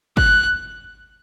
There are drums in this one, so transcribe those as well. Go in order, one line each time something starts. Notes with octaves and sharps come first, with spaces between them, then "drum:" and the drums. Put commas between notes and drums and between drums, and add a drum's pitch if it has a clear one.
F#6, drum: kick